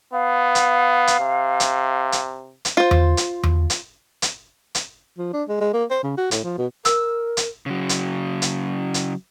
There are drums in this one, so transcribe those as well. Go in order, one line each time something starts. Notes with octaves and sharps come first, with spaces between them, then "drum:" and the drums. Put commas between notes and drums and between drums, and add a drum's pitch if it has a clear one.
B3 F5
drum: hi-hat
drum: hi-hat
C3
drum: hi-hat
drum: hi-hat
drum: hi-hat
F4 C5
drum: tom E2
drum: hi-hat
drum: tom E2
drum: hi-hat
drum: hi-hat
drum: hi-hat
F3
D4
G#3
G#3
A#3
C5
C#3
F#4
A2, drum: hi-hat
F3
B2
A#4 E6, drum: hi-hat
drum: hi-hat
C#3 F#3
drum: hi-hat
drum: hi-hat
drum: hi-hat